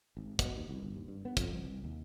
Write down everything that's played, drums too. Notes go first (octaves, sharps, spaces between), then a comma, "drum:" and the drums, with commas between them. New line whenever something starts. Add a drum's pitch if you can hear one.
G#1
B2, drum: kick, hi-hat
D#2
C2
G1
D#2
G2
B3
F2, drum: kick, hi-hat
C2
C2
D#2